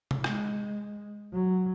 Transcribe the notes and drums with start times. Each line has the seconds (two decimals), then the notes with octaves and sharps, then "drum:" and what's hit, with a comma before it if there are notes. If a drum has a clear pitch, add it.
0.11 drum: tom C3
0.24 G#3, drum: rim click
1.33 F#3